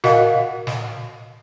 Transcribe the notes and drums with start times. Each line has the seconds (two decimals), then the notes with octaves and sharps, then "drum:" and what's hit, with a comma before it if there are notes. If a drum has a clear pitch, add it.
0.04 F#4 A#4 D#5 F5 F#5, drum: snare
0.67 drum: snare